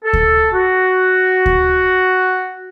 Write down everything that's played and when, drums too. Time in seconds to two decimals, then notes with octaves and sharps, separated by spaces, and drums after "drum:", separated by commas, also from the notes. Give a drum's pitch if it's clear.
0.04 A4
0.13 drum: kick D2
0.53 F#4
1.46 drum: kick D2